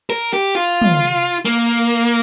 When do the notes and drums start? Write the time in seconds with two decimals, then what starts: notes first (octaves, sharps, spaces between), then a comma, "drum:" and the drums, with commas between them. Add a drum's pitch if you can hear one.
0.10 A#4, drum: cymbal
0.33 G4
0.55 F4
0.82 drum: tom
1.45 A#3, drum: open hi-hat